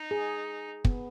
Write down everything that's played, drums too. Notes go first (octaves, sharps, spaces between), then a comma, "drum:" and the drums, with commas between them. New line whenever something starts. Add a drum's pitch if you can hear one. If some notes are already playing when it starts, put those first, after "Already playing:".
Already playing: D#4
G#4
B3, drum: kick